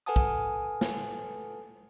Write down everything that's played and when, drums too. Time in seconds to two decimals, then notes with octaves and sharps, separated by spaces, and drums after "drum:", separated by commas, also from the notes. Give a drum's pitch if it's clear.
0.06 A4 B4 F#5 G#5 A5 D#6
0.16 drum: kick
0.81 drum: snare